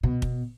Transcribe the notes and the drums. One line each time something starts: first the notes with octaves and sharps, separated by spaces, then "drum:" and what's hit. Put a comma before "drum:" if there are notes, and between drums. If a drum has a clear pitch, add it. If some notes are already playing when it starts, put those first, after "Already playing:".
B2
drum: kick